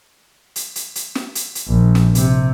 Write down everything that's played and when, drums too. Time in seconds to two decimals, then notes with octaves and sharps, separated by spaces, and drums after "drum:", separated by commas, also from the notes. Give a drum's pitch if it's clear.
0.56 drum: hi-hat
0.76 drum: hi-hat
0.95 drum: hi-hat
1.15 drum: snare
1.35 drum: hi-hat
1.55 drum: hi-hat
1.68 A#1
1.95 drum: snare
2.15 C3, drum: hi-hat